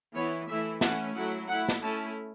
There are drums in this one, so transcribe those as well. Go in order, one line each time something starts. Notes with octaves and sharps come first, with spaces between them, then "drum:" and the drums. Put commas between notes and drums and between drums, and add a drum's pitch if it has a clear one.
E3 B3 E4 C#5
E3 A3 E4 E5
E3 A3 C#4 E4 F#5, drum: snare
F#3 A3 E4 F#5
A3 E4 F#5
drum: snare
A3 C#4 E4 A5